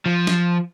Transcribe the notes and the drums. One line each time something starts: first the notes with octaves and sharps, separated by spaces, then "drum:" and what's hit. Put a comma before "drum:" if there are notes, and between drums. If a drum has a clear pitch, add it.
F3
drum: snare